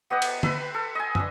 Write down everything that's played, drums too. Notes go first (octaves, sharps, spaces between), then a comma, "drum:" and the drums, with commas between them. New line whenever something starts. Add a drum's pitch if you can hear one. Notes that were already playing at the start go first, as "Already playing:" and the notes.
B3 G4 D#5 F#5
drum: cymbal
B4 E5 B5 C6, drum: tom D3
A4
D#5 G#5
D4 E5, drum: tom